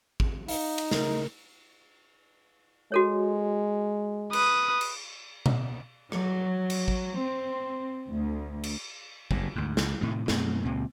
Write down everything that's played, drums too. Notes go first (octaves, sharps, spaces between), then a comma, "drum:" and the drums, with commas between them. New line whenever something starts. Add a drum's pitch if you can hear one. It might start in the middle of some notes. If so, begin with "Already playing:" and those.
drum: kick
D#4 F5, drum: open hi-hat
drum: cymbal
C#3 A3 A#4, drum: snare
G#3 F#4 A4 C#5
B4 D#6, drum: cymbal
drum: cymbal
drum: tom B2
F#3, drum: rim click
drum: cymbal
drum: kick
C4
D2
drum: cymbal
F#1 G2, drum: kick
D2 G#2
C#2, drum: snare
A2 C3 D#3
F#2 B2 A3 C4, drum: snare
C#2 A#2 C4